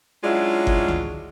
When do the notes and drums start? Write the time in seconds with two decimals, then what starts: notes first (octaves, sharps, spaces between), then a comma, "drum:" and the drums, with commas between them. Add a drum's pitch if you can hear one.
0.24 F#3 G#3 C#4 D4 E4 F4
0.67 drum: kick G1
0.88 drum: tom C#2